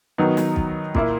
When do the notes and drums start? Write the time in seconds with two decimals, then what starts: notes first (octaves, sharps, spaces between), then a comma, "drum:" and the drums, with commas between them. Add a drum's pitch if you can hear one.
0.18 D#3 F#3 B3 D#4
0.37 drum: snare
0.56 drum: kick
0.95 A#2 A#3 E4, drum: kick